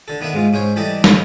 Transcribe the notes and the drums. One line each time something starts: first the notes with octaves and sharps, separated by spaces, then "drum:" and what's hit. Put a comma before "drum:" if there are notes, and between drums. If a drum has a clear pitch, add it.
D3 A4
D#3 B3 D4 E5 F#5
G#2 G#3 F4
G#2 C#4 C5 C#5
E3 G3 G4 A4 D5 D#5
A2 D#3 E3, drum: snare